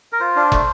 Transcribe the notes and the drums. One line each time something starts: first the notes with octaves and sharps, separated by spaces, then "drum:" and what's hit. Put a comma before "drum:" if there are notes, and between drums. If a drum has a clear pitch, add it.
A#4
F4 C5
D4
A3, drum: kick